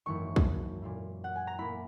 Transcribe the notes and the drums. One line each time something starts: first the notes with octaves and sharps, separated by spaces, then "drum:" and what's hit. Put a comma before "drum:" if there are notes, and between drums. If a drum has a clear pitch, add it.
G#1 F#2 E3 A#3 E4 C#6
drum: kick
A#2 A#3 E4
F#5
G#5
A#5
A#2 A#3 E4 B5